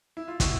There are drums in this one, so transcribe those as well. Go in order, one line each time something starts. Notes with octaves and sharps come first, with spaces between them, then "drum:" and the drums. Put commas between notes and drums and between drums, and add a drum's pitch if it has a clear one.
E4
F4
B2 E4 F#4, drum: kick, hi-hat